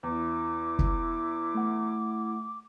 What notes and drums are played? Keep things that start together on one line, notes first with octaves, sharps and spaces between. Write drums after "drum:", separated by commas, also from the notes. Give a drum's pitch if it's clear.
E2 E4 D6
drum: kick
A3 F#5